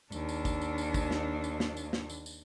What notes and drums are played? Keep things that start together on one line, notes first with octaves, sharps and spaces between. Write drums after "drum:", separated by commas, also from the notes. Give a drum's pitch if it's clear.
D#2 D4, drum: tambourine
drum: tambourine
drum: kick G#1, tambourine
drum: tambourine
drum: tambourine
drum: kick G#1, tambourine
drum: snare
drum: tambourine
drum: snare
drum: tambourine
drum: snare
drum: tambourine
drum: tambourine